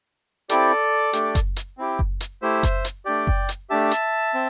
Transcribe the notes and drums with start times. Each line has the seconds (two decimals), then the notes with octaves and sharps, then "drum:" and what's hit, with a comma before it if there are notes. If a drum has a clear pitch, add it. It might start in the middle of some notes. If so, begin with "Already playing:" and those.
0.49 C4 E4 G4 A4 D5, drum: hi-hat
1.13 A3 D4 G4, drum: hi-hat
1.35 drum: kick F#1, hi-hat
1.56 drum: hi-hat
1.78 C4 E4 G4
1.99 drum: kick F#1
2.20 drum: hi-hat
2.42 A3 E4 G4 C5 E5
2.63 drum: kick F#1, hi-hat
2.85 drum: hi-hat
3.05 A3 D4 G4 D5 G5
3.27 drum: kick F#1
3.49 drum: hi-hat
3.70 A3 D4 G4 E5 A5
3.91 drum: hi-hat
4.34 C4